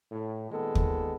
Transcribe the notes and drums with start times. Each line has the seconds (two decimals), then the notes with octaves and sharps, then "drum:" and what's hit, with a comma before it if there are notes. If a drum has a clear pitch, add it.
0.12 A2
0.51 A#2 D#3 G#3 B3 A4
0.75 drum: kick